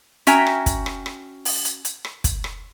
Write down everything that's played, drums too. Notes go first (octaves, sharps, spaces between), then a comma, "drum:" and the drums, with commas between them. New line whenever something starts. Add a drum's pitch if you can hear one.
C#4 F#4 E5 G5 G#5 A#5, drum: hi-hat
drum: rim click
drum: kick, hi-hat
drum: rim click
drum: rim click
drum: open hi-hat
drum: hi-hat
drum: hi-hat
drum: rim click
drum: kick, hi-hat
drum: rim click